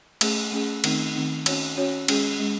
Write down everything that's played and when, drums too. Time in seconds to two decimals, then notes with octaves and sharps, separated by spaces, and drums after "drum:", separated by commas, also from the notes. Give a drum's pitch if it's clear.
0.21 A3 C#4 G#4, drum: cymbal
0.52 A3 C#4 G#4
0.84 D#3 A3 C4 D#4, drum: cymbal
1.15 D#3 A3 C4 D#4
1.46 C#4 F#4 C#5, drum: cymbal
1.77 C#4 F#4 C#5
2.08 G#3 C#4 G#4, drum: cymbal
2.40 G#3 C#4 G#4